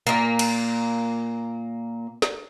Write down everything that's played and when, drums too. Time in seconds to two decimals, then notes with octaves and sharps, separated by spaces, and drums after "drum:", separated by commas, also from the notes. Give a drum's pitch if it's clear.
0.07 A#2 A#3
0.39 drum: cymbal
2.22 drum: snare